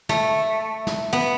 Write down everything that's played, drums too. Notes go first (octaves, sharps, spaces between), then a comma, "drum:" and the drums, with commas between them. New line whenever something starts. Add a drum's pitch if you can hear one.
A3, drum: snare
drum: snare
B3